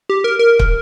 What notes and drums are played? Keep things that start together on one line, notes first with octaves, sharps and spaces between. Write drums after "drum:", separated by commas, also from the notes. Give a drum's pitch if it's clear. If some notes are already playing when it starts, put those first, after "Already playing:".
G4
A#4
A#4
drum: kick